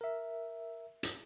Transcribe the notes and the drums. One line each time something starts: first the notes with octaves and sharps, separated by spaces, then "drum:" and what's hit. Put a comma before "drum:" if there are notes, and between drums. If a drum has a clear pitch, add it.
A#4 E5
drum: hi-hat